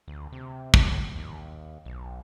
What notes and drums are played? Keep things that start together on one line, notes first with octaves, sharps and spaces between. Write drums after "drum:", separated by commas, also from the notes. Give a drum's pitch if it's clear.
D2
C3
A2, drum: kick
D#2
B1